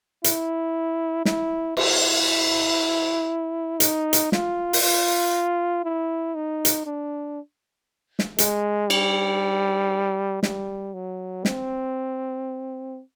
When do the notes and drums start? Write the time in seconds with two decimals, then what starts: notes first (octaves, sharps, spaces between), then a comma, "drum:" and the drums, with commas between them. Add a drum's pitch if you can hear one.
0.24 E4, drum: hi-hat
1.25 E4, drum: snare
1.77 E4, drum: cymbal
3.80 D#4, drum: hi-hat
4.13 drum: hi-hat
4.32 F4, drum: snare
4.73 drum: open hi-hat
4.83 F4
5.84 E4
6.35 D#4
6.65 drum: hi-hat
6.86 D4
8.19 drum: snare
8.38 G#3, drum: hi-hat
8.90 G3, drum: cymbal
10.43 G3, drum: snare
10.94 F#3
11.45 C4, drum: snare